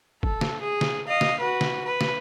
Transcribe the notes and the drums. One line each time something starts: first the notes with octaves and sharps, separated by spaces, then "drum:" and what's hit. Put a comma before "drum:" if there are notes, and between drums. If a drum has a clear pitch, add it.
A4, drum: kick G1
drum: snare
G#4
drum: snare
D#5 F5
drum: snare
F#4 B4
drum: snare
B4
drum: snare